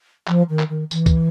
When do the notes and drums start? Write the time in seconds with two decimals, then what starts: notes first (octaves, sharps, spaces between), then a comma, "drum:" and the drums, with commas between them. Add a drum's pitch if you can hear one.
0.28 F3, drum: clap
0.49 D#3
0.59 drum: clap
0.69 D#3
0.91 E3, drum: tambourine
1.06 drum: kick C#2, tambourine